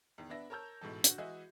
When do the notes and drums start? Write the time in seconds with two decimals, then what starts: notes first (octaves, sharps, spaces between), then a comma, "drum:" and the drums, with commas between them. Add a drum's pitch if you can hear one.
0.18 E2 D#3
0.30 B3 D4 E5 A#6
0.50 A#4 C#5 A5 A#5 E6 G6
0.81 A1 G#2 B2 E3 A4
1.04 D3 F#4, drum: hi-hat
1.18 E3 G#3 F#4 G#4 D#5 E5